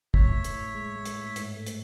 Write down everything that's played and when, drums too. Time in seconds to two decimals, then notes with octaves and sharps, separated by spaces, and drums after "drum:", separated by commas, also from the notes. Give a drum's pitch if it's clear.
0.14 A2 C#5 E5, drum: kick
0.34 A2
0.44 drum: hi-hat
0.54 A2
0.75 G#3
0.96 G#3
1.05 drum: hi-hat
1.15 A2
1.36 G#2, drum: hi-hat
1.57 A3
1.66 drum: hi-hat